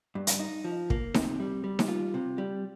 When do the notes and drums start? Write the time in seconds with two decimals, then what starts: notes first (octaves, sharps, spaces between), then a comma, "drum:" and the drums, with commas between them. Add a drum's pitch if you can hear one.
0.15 G2
0.27 drum: hi-hat
0.40 D#4
0.64 F3
0.90 A#3, drum: kick
1.14 C3, drum: snare D#4
1.40 G3
1.64 G3
1.79 drum: snare D#4
1.88 F4
2.14 C3
2.38 G3